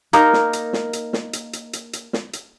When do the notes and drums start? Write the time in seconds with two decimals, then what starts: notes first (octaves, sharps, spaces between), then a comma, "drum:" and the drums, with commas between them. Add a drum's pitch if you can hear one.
0.13 A#3 D#4 A#4, drum: hi-hat
0.33 drum: snare
0.53 drum: hi-hat
0.73 drum: snare
0.93 drum: hi-hat
1.13 drum: snare
1.33 drum: hi-hat
1.53 drum: hi-hat
1.73 drum: hi-hat
1.93 drum: hi-hat
2.13 drum: snare
2.33 drum: hi-hat